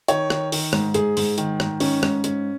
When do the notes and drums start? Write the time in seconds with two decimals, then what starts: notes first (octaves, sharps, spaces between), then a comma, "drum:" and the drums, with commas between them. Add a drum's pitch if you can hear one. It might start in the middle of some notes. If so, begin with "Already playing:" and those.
0.08 D#3 C#5, drum: hi-hat
0.30 D#3, drum: rim click
0.52 D#3, drum: open hi-hat
0.73 G#2, drum: rim click
0.94 G#2 G#4, drum: hi-hat
1.17 G#2, drum: open hi-hat
1.38 D#3, drum: hi-hat
1.60 G#2, drum: rim click
1.80 D#3 C#4, drum: open hi-hat
2.03 G#2, drum: rim click
2.24 G#2 C#4, drum: hi-hat